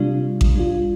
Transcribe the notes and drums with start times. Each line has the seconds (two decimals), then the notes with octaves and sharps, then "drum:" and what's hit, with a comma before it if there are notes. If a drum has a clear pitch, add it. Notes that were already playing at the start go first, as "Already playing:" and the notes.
Already playing: C3 G3 D4 F4
0.41 drum: kick A1
0.55 G3 D4 F4